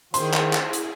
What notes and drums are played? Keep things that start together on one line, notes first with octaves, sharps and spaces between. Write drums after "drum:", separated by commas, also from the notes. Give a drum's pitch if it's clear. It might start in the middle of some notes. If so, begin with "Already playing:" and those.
D#3 E4 F4 G#4 C5 C6, drum: hi-hat
drum: clap
drum: clap
drum: hi-hat